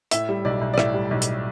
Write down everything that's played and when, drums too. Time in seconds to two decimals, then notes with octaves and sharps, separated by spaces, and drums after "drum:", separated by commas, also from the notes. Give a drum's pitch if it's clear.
0.11 A2 E5, drum: hi-hat
0.29 G3
0.45 B1 D5
0.61 B1
0.74 D5
0.78 A2 E5, drum: rim click
0.94 G3
1.11 B1
1.22 drum: hi-hat